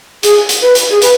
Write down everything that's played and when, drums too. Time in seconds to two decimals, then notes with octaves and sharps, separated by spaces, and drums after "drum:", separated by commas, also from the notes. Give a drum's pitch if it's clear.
0.23 G#4, drum: hi-hat
0.49 drum: hi-hat
0.62 B4
0.75 drum: hi-hat
0.91 G#4
1.02 B4, drum: hi-hat